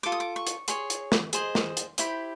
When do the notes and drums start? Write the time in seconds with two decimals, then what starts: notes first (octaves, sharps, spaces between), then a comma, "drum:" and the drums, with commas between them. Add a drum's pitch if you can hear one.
0.03 F4 A4 D6
0.12 D#6
0.20 D6
0.36 C#6
0.47 drum: hi-hat
0.68 G#4 C#5 C6, drum: hi-hat
0.90 drum: hi-hat
1.12 drum: snare
1.33 G#4 C5 D#5, drum: hi-hat
1.55 drum: snare
1.77 drum: hi-hat
1.98 E4 G4 C5 B5, drum: hi-hat